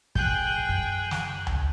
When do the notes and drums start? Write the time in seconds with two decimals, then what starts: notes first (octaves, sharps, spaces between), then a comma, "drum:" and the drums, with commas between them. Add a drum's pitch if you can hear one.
0.15 G#4 G5 F#6 G6, drum: kick
0.69 F#2
1.11 drum: snare
1.47 drum: tom C#2